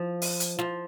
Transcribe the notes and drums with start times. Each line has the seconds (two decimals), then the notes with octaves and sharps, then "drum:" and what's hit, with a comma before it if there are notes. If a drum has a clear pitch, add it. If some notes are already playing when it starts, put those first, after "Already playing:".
Already playing: F3
0.22 drum: open hi-hat
0.40 drum: hi-hat
0.59 F3, drum: snare